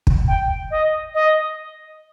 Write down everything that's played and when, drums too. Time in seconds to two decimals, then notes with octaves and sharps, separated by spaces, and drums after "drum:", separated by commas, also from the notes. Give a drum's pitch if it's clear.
0.07 drum: kick
0.28 G5
0.71 D#5
1.14 D#5